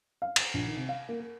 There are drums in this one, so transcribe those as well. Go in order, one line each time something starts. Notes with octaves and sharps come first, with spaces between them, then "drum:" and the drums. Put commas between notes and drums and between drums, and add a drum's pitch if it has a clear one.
F5
A6, drum: cymbal
A#1
D#3
C3
F5
A#3
A#4